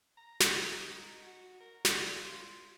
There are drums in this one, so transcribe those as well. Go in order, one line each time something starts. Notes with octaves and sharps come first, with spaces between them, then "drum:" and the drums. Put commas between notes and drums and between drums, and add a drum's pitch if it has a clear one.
A#5
drum: snare
D#4
F#4
A#4
D5, drum: snare
F4